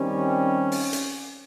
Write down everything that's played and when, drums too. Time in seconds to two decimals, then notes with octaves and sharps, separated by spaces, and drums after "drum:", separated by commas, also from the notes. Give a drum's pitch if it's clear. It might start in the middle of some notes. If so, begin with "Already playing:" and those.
Already playing: D#3 G3 C4 C#4
0.72 drum: open hi-hat
0.93 drum: hi-hat